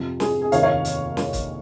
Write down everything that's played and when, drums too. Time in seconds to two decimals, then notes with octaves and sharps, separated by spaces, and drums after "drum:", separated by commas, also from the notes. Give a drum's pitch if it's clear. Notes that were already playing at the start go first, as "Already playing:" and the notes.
Already playing: F2 C3 F3
0.20 G#4, drum: snare
0.42 G#4
0.52 F1 D#2 D#3 C#5 F5, drum: hi-hat
0.63 C#5 F5
0.85 drum: hi-hat
1.17 drum: snare
1.33 drum: kick, hi-hat